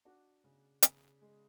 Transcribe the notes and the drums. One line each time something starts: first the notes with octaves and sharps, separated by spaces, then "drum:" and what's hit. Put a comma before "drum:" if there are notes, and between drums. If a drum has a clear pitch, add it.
D4 F#4
C#3
C#3, drum: hi-hat
G#3